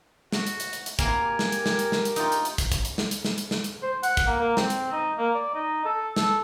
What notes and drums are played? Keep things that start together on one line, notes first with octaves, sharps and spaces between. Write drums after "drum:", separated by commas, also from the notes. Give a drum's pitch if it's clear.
F#4, drum: snare
drum: hi-hat
drum: hi-hat
drum: hi-hat
drum: hi-hat
A#3 C4 E4 F5 F#5 G#5, drum: kick, hi-hat
G4 A#4
drum: snare
drum: hi-hat
drum: snare
drum: hi-hat
drum: snare
drum: hi-hat
D#4 F4 G5, drum: hi-hat
drum: hi-hat
drum: hi-hat
drum: kick, hi-hat
drum: kick, hi-hat
drum: hi-hat
drum: snare
drum: hi-hat
drum: snare
drum: hi-hat
drum: snare
drum: hi-hat
C5
F#5, drum: hi-hat
drum: kick, hi-hat
A#3
A#3
C4, drum: snare
drum: hi-hat
D#4
A#3
D5
D#4
A4
A4, drum: snare